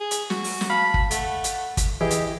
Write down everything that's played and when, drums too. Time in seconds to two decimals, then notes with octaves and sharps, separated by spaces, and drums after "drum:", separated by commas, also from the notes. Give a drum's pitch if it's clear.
0.01 G#4
0.11 drum: hi-hat
0.30 F#4, drum: snare
0.44 drum: open hi-hat
0.61 drum: snare
0.70 F5 A5 B5
0.94 drum: kick
1.11 A3 F#5, drum: hi-hat
1.44 drum: hi-hat
1.77 drum: kick, hi-hat
2.01 E3 E4 G4 G#4 D#5
2.10 drum: hi-hat